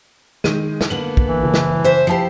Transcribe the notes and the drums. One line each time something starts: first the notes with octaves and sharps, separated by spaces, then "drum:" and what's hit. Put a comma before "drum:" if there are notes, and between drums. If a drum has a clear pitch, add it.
D#3 G#3 D#7, drum: snare
drum: snare
D3 A#3 B3 F#7
drum: kick
E3
F#1
drum: snare
C5 E5
F3 E4 G4 A5 C7